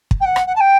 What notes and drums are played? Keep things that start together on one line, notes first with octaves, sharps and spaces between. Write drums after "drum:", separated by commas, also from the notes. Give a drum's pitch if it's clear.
drum: kick
G5
F#5
drum: rim click
F#5
A5
G5